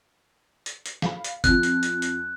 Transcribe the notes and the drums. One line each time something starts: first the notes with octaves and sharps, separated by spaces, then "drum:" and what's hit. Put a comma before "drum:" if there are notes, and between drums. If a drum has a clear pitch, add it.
drum: hi-hat
drum: hi-hat
F5 B5, drum: snare
drum: hi-hat
F2 F3 F#6, drum: kick, hi-hat
drum: hi-hat
drum: hi-hat
drum: hi-hat